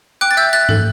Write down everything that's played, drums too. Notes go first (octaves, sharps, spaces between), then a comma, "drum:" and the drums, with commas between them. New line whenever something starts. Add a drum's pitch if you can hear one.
G5 D6 F#6
A6
E5 E6 G6
E5 F#6 A6
A4, drum: tom G#2